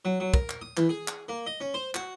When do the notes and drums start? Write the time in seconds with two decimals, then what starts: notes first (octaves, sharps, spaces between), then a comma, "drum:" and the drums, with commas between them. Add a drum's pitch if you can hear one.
0.05 F#3
0.20 F#3
0.34 A#4, drum: kick
0.49 drum: clap
0.61 D#6
0.77 E3, drum: clap
0.89 G#4
1.08 drum: clap
1.29 A#3
1.47 D#5
1.61 C#4
1.74 C5
1.95 F#4, drum: clap